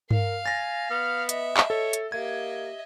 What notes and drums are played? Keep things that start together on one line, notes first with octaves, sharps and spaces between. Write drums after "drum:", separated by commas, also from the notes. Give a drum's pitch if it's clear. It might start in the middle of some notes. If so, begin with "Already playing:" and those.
A#4 F5, drum: tom G2
G#5 A6 A#6
B3 F6
D#5 E5, drum: hi-hat
drum: clap
A4 C#5
drum: hi-hat
A#3 G4 D#5 E5 G#6